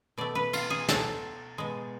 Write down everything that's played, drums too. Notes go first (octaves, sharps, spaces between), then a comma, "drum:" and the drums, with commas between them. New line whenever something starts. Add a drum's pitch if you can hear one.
B2 A3 D5
B4
F4, drum: cymbal
G#4
A4, drum: snare
B2 G#3